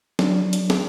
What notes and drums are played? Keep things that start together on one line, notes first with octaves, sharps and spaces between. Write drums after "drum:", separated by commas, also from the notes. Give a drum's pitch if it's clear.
F#3 D4, drum: snare
drum: hi-hat
drum: snare